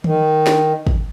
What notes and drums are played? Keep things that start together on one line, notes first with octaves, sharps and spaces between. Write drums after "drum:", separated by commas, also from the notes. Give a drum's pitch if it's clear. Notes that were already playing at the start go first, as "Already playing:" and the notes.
D#3, drum: tom D#3
drum: snare
drum: kick